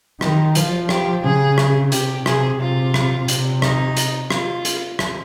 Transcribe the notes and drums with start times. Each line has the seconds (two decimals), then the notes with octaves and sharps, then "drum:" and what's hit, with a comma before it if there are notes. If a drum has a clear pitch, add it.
0.21 D#3 D#4, drum: rim click
0.55 F3 F4, drum: hi-hat
0.89 G4, drum: rim click
1.24 C#3 G#4
1.58 drum: rim click
1.92 C3 G4, drum: hi-hat
2.26 C3 G#4, drum: rim click
2.60 C3 F4
2.94 drum: rim click
3.28 C3, drum: hi-hat
3.62 D#4, drum: rim click
3.97 drum: hi-hat
4.31 F4, drum: rim click
4.65 drum: hi-hat
4.99 drum: rim click